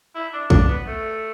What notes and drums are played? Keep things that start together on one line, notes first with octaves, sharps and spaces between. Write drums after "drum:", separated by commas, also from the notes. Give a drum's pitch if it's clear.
E4
D4
D4, drum: kick A1
B3
A3